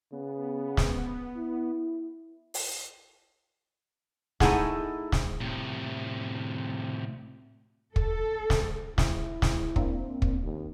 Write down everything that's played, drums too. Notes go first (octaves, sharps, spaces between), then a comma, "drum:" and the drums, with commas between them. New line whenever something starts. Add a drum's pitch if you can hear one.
C#3 B3
drum: snare
E4
drum: open hi-hat
A3 D#4 E4 G#4 F#5, drum: snare
drum: snare
A2 C3
A4, drum: kick
drum: snare
E4, drum: snare
drum: snare
A#3 C4 D4, drum: kick
drum: kick
D#2